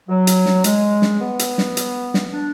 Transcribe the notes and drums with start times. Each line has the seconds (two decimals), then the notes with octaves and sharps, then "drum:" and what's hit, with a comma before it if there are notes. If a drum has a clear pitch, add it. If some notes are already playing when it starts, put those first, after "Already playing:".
0.09 F#3
0.27 drum: hi-hat
0.46 drum: snare
0.64 G#3, drum: hi-hat
1.02 drum: snare
1.21 B3
1.39 drum: hi-hat
1.58 drum: snare
1.77 drum: hi-hat
2.14 drum: snare
2.32 D4